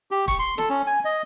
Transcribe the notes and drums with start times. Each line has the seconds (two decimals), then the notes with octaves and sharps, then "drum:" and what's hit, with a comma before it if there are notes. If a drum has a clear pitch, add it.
0.11 G4
0.28 C#6, drum: kick, hi-hat
0.39 C6
0.58 A4, drum: snare
0.69 C#4
0.87 G#5
1.05 D#5